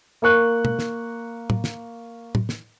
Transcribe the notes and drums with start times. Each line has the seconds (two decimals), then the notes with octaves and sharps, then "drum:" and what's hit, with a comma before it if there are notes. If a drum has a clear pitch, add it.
0.22 A#3 A#4 C#6 F#6
0.65 drum: tom
0.79 drum: snare
1.50 drum: tom A2
1.64 drum: snare
2.35 drum: tom A2
2.49 drum: snare